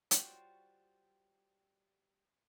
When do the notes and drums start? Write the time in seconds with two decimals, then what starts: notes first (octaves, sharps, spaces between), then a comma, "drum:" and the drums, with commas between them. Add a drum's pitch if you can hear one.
0.11 G3 F4 F#4 C5 C#5 G5, drum: hi-hat